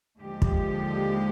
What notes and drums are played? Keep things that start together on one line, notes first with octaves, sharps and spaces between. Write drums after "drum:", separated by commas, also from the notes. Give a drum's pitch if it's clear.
D#2 D3 F3 G#3 G4
drum: kick